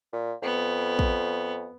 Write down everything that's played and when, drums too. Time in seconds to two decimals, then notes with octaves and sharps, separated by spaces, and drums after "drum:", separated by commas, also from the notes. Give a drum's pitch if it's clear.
0.13 A#2
0.42 F2 B3
0.99 drum: kick